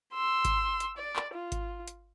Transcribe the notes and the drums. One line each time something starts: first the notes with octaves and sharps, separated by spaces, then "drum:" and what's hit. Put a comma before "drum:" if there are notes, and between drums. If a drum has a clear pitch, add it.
C6 E6
drum: kick G#1, hi-hat
drum: hi-hat
D5
drum: clap
F4
drum: kick G#1, hi-hat
drum: hi-hat